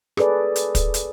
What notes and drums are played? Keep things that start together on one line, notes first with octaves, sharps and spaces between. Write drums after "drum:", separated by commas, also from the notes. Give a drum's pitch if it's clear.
G#4 A4 B4 D5, drum: rim click
drum: hi-hat
drum: kick, hi-hat
drum: hi-hat